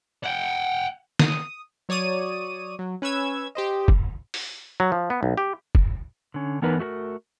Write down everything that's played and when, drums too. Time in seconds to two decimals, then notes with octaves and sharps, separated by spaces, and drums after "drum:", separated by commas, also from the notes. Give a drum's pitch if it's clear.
0.24 F#5 G5
1.19 D#6, drum: snare D#3
1.89 F#3 C#5 D5 D#6 D#7
2.79 F#3
3.02 C#4 B4 C#5 E6 G#6
3.55 G4 C5 D#5
3.88 drum: kick
4.34 drum: open hi-hat
4.80 F#3
4.92 F3
5.10 B3
5.23 B1
5.38 G4
5.75 drum: kick
6.34 D3 C#4
6.62 E3 B3 D#4 A#4 B4
6.79 A3 F#4 G4 A#4